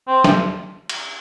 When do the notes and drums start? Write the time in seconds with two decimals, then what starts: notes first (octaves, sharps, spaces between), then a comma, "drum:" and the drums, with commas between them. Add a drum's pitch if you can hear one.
0.08 C4
0.24 drum: snare
0.89 drum: cymbal